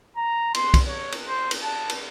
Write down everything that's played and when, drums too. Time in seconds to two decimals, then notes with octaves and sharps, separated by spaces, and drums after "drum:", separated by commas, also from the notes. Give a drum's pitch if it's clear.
0.17 A#5
0.54 C6, drum: cymbal
0.74 drum: kick, cymbal
0.87 C#5
1.12 drum: cymbal
1.27 C5
1.51 drum: cymbal
1.63 A5
1.89 drum: cymbal